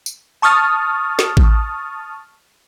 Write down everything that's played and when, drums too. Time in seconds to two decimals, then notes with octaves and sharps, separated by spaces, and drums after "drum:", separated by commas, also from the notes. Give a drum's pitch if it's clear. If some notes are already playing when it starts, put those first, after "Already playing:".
0.06 drum: tambourine
0.42 A5 C#6 D#6 F6 A6
1.19 drum: snare
1.37 drum: kick A1